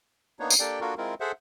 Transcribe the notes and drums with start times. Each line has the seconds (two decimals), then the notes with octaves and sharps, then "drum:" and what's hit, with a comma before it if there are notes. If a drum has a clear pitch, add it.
0.39 A#3 B3 D4 D#4 C#5
0.50 drum: tambourine
0.60 A#3 D4 G4 A4 D5 G5
0.81 A#3 D4 F4 F#4 A4 A#4
0.98 G#3 C4 E4 F4 A#4
1.20 G#4 A4 C5 E5 F#5